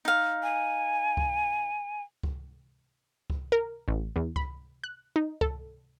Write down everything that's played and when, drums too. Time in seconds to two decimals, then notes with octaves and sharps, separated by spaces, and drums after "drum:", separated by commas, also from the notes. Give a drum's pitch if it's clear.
0.05 D#4 F5
0.43 G#5
1.17 drum: kick C#2
2.23 drum: kick C#2
3.30 drum: kick C#2
3.52 A#4
3.88 A1
4.16 E2
4.36 B5, drum: kick C#2
4.84 F#6
5.16 D#4
5.41 A4, drum: kick C#2